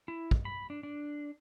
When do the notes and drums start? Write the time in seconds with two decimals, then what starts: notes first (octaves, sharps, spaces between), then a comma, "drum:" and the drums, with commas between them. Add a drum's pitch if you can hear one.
0.08 E4
0.31 drum: kick
0.45 B5
0.70 D4
0.83 D4